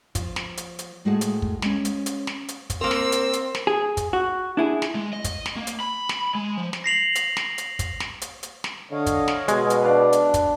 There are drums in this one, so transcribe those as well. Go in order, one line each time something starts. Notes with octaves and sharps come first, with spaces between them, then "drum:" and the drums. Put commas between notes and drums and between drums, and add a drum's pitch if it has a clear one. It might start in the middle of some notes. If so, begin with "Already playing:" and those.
F3 F4, drum: kick, hi-hat
drum: snare
drum: hi-hat
drum: hi-hat
A2 G#3 A3 F#4 G#4 A5
drum: hi-hat
drum: kick
G#3 C#4, drum: snare
drum: hi-hat
drum: hi-hat
drum: snare
drum: hi-hat
drum: kick, hi-hat
A#3 C4 A#4 C5 E6
drum: snare
drum: hi-hat
drum: hi-hat
drum: snare
G#4
drum: kick, hi-hat
F#4
D4 E4 G#4
drum: snare
G#3
D#5
drum: kick, hi-hat
drum: snare
A#3
drum: hi-hat
B5
drum: snare
G#3
F3
drum: snare
A#6 C7 F7 F#7
drum: hi-hat
drum: snare
drum: hi-hat
drum: kick, hi-hat
drum: snare
drum: hi-hat
drum: hi-hat
drum: snare
D3 C#5 D#5 F5
drum: kick, hi-hat
drum: snare
B2 G#3, drum: hi-hat
drum: hi-hat
D4 B4 D5 F5
drum: hi-hat
drum: kick, hi-hat